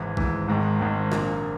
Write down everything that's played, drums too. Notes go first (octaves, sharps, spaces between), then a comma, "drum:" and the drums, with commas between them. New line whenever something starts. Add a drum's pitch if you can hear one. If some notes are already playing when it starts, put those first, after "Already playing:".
Already playing: G#1 G#2 E3
G#1 G#2 E3, drum: kick
G#1 G#2 D#3
G#1 G#2 D#3
A#1 A#2 A#3, drum: snare